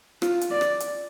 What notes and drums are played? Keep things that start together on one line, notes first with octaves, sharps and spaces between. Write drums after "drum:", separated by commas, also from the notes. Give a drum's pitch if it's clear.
F4, drum: rim click
drum: hi-hat
D5
drum: rim click
drum: hi-hat